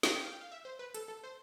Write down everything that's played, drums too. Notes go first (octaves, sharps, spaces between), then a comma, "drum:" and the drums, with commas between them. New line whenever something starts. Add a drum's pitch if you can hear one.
drum: snare
G5
F5
G5
F5
E5
C5
B4
A4, drum: hi-hat
A4
C5